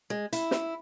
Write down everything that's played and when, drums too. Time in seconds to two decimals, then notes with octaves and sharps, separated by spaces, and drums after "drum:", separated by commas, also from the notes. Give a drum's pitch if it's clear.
0.10 G#3
0.33 E4, drum: hi-hat
0.51 drum: snare